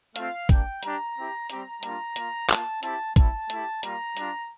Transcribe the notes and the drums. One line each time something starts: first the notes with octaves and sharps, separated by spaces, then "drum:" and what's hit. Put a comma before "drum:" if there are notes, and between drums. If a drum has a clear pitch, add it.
A3 C4 F4 F5, drum: hi-hat
G3 A#3 D4 G5, drum: kick A1, hi-hat
G3 D4 G4 A#5, drum: hi-hat
C4 E4 G4
G3 C4 G4 A#5, drum: hi-hat
G3 A#3 D4 F4 A#5, drum: hi-hat
A#3 F4, drum: hi-hat
A#3 F4 A5, drum: clap
C4 E4 G4 A5, drum: hi-hat
G3 C4 E4 A5, drum: kick A1, hi-hat
A3 E4 G4, drum: hi-hat
G3 A#3 F4 A#5, drum: hi-hat
G3 D4 F4, drum: hi-hat